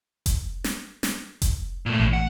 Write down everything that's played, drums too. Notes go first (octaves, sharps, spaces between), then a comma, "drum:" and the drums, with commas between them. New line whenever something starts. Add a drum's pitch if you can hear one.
drum: kick F1, hi-hat
drum: snare
drum: snare
drum: kick F1, hi-hat
A#2 A3
A1
F#5